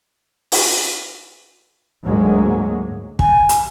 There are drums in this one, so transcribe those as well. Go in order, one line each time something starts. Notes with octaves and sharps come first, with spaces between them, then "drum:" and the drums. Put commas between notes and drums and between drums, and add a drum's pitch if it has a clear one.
drum: open hi-hat
D2 G#2 F#3 G#3 A#3
G#5, drum: kick
drum: hi-hat